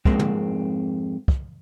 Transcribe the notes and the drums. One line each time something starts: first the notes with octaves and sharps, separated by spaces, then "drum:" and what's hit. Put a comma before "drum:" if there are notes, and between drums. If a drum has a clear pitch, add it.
F2 G#2 G#3 A#3 C4, drum: kick
drum: tom
drum: kick